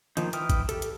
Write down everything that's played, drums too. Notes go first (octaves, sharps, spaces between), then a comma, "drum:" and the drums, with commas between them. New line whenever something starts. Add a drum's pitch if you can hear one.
D#3 F3 A#3 D#4, drum: hi-hat
E3 E4 G5 D#6 F6, drum: hi-hat
drum: kick G#1, hi-hat
G4 A4, drum: hi-hat
drum: hi-hat